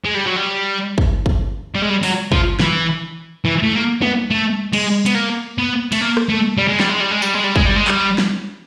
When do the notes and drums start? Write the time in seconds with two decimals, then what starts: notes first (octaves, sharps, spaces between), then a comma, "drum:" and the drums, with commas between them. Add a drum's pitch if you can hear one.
0.05 G#3
0.15 G3
0.26 F#3
0.36 G3
0.98 drum: kick
1.26 drum: kick
1.75 G3
1.82 G#3
1.90 G3
2.03 F#3, drum: open hi-hat
2.32 F3, drum: kick
2.60 E3, drum: snare
3.45 E3
3.63 A3
3.74 A#3
4.02 B3, drum: tom
4.31 A3
4.73 G#3, drum: cymbal
5.06 B3, drum: hi-hat
5.15 A#3
5.58 B3
5.92 A3, drum: cymbal
6.01 A#3
6.17 drum: rim click
6.29 A3
6.58 G3
6.68 G#3
6.80 G3, drum: snare
6.90 G#3
7.01 G3
7.11 G#3
7.22 G3, drum: tambourine
7.34 G#3
7.44 G3
7.56 G#3, drum: kick
7.66 G3
7.76 G#3
7.88 G3, drum: clap
8.18 drum: snare